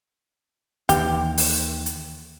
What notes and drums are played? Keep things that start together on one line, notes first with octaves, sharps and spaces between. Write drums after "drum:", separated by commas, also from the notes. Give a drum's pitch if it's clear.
D#2 E3 G4, drum: hi-hat
drum: open hi-hat
drum: hi-hat